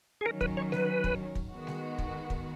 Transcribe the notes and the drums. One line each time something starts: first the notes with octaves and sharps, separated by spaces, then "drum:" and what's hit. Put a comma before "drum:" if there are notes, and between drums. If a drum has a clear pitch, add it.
G#4
D#3 F#3 C#4 A#4
B4, drum: kick
C#5
B4, drum: snare G3
drum: kick
drum: kick
D#3 G#3 B3 F#4
drum: snare G3
drum: kick
drum: kick